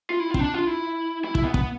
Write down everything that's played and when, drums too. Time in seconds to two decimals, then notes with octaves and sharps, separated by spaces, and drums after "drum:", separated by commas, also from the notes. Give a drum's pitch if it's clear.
0.10 F4
0.20 E4
0.30 F4
0.34 C4, drum: kick
0.39 D4
0.54 F4
0.67 E4
1.24 E4
1.35 E4, drum: kick
1.44 B3
1.54 B3, drum: kick